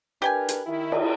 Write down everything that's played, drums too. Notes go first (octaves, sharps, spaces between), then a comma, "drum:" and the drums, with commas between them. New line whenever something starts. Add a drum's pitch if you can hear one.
D4 G4 A#4 B4 G5 G#5
drum: hi-hat
D#3 E4
drum: cymbal